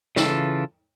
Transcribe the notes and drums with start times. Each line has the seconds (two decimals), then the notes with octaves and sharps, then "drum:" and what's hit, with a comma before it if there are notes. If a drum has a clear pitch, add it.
0.16 C#3 E3 F4 A4, drum: snare